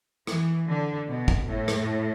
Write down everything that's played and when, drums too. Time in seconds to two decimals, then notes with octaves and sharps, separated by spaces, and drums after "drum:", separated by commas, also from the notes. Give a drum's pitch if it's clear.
0.27 E3, drum: rim click
0.68 D3
1.08 B2
1.28 drum: kick
1.47 A2
1.68 drum: rim click